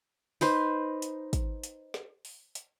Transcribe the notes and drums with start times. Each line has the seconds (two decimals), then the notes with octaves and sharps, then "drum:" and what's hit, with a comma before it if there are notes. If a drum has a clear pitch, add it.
0.41 D#4 B4 C5, drum: open hi-hat
1.02 drum: hi-hat
1.33 drum: kick, hi-hat
1.64 drum: hi-hat
1.94 drum: snare
2.25 drum: open hi-hat
2.55 drum: hi-hat